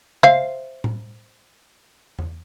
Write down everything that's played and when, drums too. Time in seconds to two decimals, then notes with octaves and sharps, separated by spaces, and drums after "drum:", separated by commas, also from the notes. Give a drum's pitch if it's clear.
0.23 C5 E5 F5, drum: tom C#3
0.84 drum: tom A2
2.19 drum: tom E2